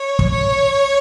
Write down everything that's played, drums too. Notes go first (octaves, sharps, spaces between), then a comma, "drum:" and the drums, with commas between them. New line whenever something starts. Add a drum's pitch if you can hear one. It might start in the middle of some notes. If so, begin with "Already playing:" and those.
Already playing: C#5
drum: kick
C#5